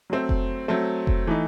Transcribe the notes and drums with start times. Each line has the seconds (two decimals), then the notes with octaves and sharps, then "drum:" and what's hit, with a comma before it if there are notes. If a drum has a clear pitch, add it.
0.10 F#3 A3 C4
0.29 drum: kick F1
0.68 F#3 A3 C4
1.07 drum: kick F1
1.27 E3 A3 D#4